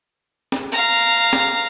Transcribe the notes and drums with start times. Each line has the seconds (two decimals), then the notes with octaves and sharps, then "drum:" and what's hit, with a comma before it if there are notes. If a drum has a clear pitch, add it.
0.52 drum: snare
0.72 F5 A#5
1.33 drum: snare